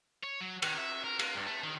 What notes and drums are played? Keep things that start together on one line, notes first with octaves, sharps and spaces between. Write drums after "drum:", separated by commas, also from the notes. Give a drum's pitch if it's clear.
C#5
F#3
D#3, drum: cymbal
E5
A#4
A#3, drum: cymbal
G2
A3
D#3